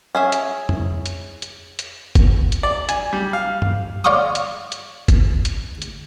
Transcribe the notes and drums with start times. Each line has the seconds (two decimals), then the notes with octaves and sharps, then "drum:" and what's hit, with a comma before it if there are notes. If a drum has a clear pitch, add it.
0.15 C#4 G#4 E5
0.32 drum: hi-hat
0.69 drum: tom F2
1.06 drum: hi-hat
1.42 drum: hi-hat
1.79 drum: hi-hat
2.15 drum: kick G1, hi-hat
2.52 drum: hi-hat
2.63 D5
2.89 G#5, drum: hi-hat
3.13 G3
3.33 F5
3.62 drum: tom G2
4.04 C#5 D5 F5 C6 C#6 D#6
4.35 drum: hi-hat
4.72 drum: hi-hat
5.08 drum: kick G1, hi-hat
5.45 drum: hi-hat
5.82 drum: hi-hat